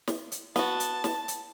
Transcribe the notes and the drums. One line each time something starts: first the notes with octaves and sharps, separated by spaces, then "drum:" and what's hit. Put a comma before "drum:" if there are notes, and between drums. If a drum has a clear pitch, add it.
drum: snare
drum: hi-hat
B3 F#4 A5, drum: snare
drum: hi-hat
drum: snare
drum: hi-hat